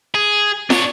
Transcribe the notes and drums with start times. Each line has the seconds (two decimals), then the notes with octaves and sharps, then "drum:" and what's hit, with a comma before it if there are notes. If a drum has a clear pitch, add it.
0.15 G#4
0.70 D4 C#5, drum: snare